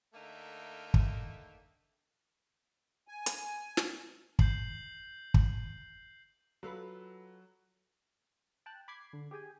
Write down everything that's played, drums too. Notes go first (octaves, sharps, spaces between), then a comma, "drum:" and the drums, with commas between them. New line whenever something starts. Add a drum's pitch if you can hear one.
D3 A3 A#3 D#4 E5 G5
drum: kick
G#5
drum: hi-hat
drum: snare
G6 C7 F#7, drum: kick
drum: kick
F#3 F4 A4 B4
G5 A5 F#6
B5 D6 G#6 C7
D3
G4 G#4 G5 G#5